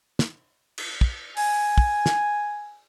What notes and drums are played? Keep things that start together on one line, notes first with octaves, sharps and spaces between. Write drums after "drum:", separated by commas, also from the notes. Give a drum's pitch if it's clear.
drum: snare
drum: cymbal
drum: kick
G#5, drum: open hi-hat
drum: kick
drum: snare